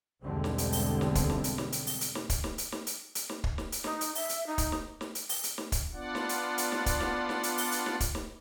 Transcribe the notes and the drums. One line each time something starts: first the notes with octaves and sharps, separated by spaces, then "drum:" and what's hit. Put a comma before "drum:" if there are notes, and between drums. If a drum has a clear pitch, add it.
B1 E2 D3 G3 G#3 C4
drum: snare
drum: hi-hat
drum: open hi-hat
drum: snare
drum: kick, hi-hat
drum: snare
drum: hi-hat
drum: snare
drum: hi-hat
drum: open hi-hat
drum: hi-hat
drum: snare
drum: kick, hi-hat
drum: snare
drum: hi-hat
drum: snare
drum: hi-hat
drum: hi-hat
drum: snare
drum: kick
drum: snare
drum: hi-hat
D#4, drum: snare
drum: hi-hat
E5, drum: open hi-hat
drum: hi-hat
D#4
drum: kick, hi-hat
drum: snare
drum: snare
drum: hi-hat
drum: open hi-hat
drum: hi-hat
drum: snare
drum: kick, hi-hat
B3 D4 F4 D5 F#5
drum: snare
drum: hi-hat
drum: hi-hat
drum: snare
drum: kick, hi-hat
drum: snare
drum: snare
drum: hi-hat
drum: open hi-hat
drum: hi-hat
drum: snare
drum: kick, hi-hat
drum: snare